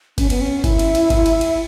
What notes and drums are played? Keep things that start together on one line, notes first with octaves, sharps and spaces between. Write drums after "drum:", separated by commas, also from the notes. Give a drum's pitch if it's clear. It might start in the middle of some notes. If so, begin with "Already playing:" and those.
C#4, drum: kick G1, cymbal
B3, drum: cymbal
C#4
E4, drum: kick G1, cymbal
drum: cymbal
drum: cymbal
drum: kick G1, cymbal
drum: cymbal
drum: cymbal